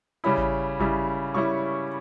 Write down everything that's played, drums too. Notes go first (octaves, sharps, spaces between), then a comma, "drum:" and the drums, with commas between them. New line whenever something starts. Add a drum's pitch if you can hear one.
C#3 G3 C#4 E4 B5
drum: kick G#1
C#3 G3 C#4 E4, drum: kick G#1
C#3 G3 C#4 E4 C#6